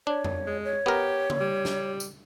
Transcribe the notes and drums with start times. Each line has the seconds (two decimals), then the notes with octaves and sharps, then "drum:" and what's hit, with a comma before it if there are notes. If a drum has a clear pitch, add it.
0.07 D4 C#5
0.24 drum: tom F2
0.47 G#3
0.65 C#5
0.86 B3 G4 A#4
1.30 drum: tom C#3
1.40 G3
1.65 drum: snare
2.00 drum: tambourine